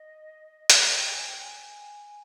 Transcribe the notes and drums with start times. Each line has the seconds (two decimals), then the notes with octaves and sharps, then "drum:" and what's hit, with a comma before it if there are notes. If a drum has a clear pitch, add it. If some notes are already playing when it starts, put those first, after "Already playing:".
Already playing: D#5
0.70 drum: hi-hat
0.79 F#5
0.95 G5
1.10 G#5
1.26 G5
1.41 G#5